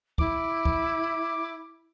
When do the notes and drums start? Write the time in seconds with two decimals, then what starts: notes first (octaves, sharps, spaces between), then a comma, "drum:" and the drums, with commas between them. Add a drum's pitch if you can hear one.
0.18 E4 D6, drum: kick
0.65 drum: kick